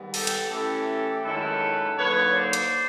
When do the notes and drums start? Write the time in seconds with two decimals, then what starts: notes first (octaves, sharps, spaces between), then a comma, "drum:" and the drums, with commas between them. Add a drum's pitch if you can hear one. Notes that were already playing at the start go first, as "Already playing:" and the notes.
Already playing: G#2 D#3 G3 B3
0.14 G4 A4, drum: open hi-hat
0.27 drum: cymbal
0.51 E3 A3 C#4 E4 G4 A4
1.24 F#2 D#3 G#3 C#4 E4 A4 B4
1.98 D3 F#3 A#3 D#4 B4 C#5
2.35 C5 D5
2.53 drum: hi-hat